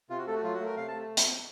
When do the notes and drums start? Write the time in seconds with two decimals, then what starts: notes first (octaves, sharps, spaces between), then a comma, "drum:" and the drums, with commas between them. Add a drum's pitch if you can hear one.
0.10 C3 F4
0.18 F#4
0.27 A3 A4
0.35 F#4
0.43 F#3 F4
0.54 F#4
0.60 A3 A#4
0.77 C3 F5
0.88 A3 A5
1.17 drum: hi-hat